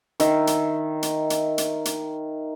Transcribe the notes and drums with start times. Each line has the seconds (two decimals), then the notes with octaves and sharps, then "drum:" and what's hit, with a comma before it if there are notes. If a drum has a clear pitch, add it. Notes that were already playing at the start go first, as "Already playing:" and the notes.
0.20 D#3 E5, drum: hi-hat
0.47 drum: hi-hat
1.03 drum: hi-hat
1.30 drum: hi-hat
1.58 drum: hi-hat
1.85 drum: hi-hat